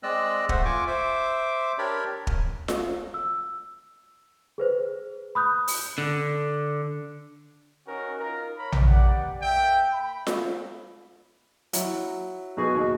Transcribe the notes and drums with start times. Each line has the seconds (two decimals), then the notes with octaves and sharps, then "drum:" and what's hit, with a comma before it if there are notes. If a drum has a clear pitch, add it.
0.03 G#3 C4 D5 D#5 E6 F#6
0.49 A3 C5 E5 F#5, drum: kick
0.65 F4 G#5 C#6 D6
0.87 C5 E5 D6
1.78 D4 G4 A#4 C#5 D5 B5
2.27 drum: kick
2.68 drum: snare F4
3.14 E6
4.58 G#4 B4 C5
5.35 B5 D#6 F#6 G6
5.68 drum: open hi-hat
5.98 D3
7.86 C#4 D#4 F#4 A#4
8.18 D#4 F4 A#4
8.57 C#5 A#5 B5
8.72 drum: tom A#1
8.86 B3 G4 D5 F#5
9.41 A#3 E5 G5
9.93 B5
10.27 drum: snare F4
11.73 F#3 E4, drum: hi-hat
12.57 B1 F#4 G#4 C#6
12.75 D#2